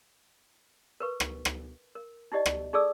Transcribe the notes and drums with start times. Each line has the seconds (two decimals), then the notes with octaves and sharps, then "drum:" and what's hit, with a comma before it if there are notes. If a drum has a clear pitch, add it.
1.00 A#4 B4 C#6
1.20 drum: rim click
1.45 drum: rim click
1.95 A#4
2.32 D#4 E4 G4 D5 D#5
2.46 drum: rim click
2.73 D#4 G#4 A4 D5 E6